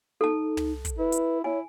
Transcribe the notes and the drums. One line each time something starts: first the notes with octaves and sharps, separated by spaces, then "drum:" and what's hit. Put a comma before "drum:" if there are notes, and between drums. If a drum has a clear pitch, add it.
D#4 A4 A5
drum: tom
drum: kick, hi-hat
E4 B4
drum: hi-hat
E4 C#5 G#5